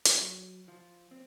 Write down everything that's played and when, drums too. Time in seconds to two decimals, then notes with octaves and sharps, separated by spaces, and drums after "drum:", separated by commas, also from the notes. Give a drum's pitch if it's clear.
0.05 drum: hi-hat
0.16 F#3
0.68 F3
1.11 C4